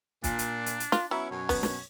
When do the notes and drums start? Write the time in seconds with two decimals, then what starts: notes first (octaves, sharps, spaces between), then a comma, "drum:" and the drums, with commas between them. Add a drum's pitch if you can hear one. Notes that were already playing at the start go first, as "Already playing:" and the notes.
0.24 A#2 D4, drum: kick, hi-hat
0.39 drum: hi-hat
0.66 drum: hi-hat
0.80 drum: hi-hat
0.92 F4, drum: snare
1.11 F#3 B3 C#4 E4
1.31 F#2 B2 C#5
1.49 B3, drum: kick, open hi-hat
1.63 drum: snare